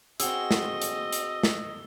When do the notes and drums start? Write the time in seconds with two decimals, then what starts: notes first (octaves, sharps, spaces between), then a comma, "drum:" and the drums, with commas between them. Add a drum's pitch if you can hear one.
0.20 C4 F#4 G#4 D#5 E6, drum: hi-hat
0.51 drum: snare
0.82 drum: hi-hat
1.13 drum: hi-hat
1.43 drum: snare